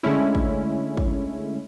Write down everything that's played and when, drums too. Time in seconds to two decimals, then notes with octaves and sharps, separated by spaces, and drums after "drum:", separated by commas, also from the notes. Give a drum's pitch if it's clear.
0.03 D3 G#3 A3 C#4 E4
0.35 drum: kick
0.97 drum: kick